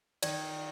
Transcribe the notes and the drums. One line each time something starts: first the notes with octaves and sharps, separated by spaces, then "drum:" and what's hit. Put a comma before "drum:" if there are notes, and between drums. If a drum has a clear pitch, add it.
D#3 D5, drum: cymbal